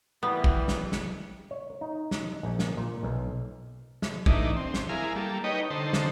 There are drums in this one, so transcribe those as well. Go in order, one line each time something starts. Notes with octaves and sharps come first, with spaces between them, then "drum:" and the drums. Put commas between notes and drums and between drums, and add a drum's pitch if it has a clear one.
E3 G3 B3
drum: kick
drum: snare
drum: snare
C#5
D#4
drum: snare
A#1
drum: snare
A#2
B1
drum: snare
A2 E3 D4 D#4, drum: kick
C4
drum: snare
E4 G#4 A#4 F5
G3 A#3 A4
D#4 B4 C#5 D#5 G5
D3 D#4 A4 C5
drum: snare